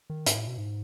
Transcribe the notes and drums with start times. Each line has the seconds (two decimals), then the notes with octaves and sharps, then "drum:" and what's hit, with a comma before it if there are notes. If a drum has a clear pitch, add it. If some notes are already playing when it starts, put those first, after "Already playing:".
0.10 D#3
0.26 G#2, drum: hi-hat
0.36 A2
0.47 B2
0.58 G#2